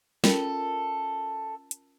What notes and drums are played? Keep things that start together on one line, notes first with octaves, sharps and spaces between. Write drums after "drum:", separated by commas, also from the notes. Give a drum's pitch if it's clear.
C#4 F4 A4 A#4, drum: snare
drum: hi-hat